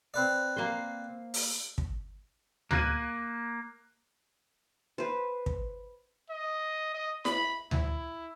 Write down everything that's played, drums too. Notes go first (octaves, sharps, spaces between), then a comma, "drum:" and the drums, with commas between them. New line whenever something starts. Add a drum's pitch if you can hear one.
C4 B4 D5
A#3 C5
drum: open hi-hat
drum: kick
A#3 F#6 G#6 D#7, drum: tom D2
B4 C5
drum: kick
D#5
D#5
B5, drum: snare E4
E4, drum: tom D2